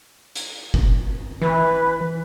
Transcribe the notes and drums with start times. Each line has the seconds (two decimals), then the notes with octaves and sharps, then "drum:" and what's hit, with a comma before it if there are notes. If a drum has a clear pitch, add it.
0.36 drum: hi-hat
0.74 drum: kick F#1
1.42 E3 B4